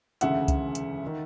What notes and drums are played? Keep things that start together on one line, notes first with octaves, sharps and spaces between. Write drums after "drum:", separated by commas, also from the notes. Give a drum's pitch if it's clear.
E1 D2 C#3 E5 F#5, drum: hi-hat
drum: kick C2, hi-hat
drum: hi-hat
D#3